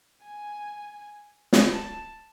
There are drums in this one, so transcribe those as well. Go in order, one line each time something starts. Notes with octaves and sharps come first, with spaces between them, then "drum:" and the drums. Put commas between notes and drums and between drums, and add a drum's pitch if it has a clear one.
G#5
drum: snare
A5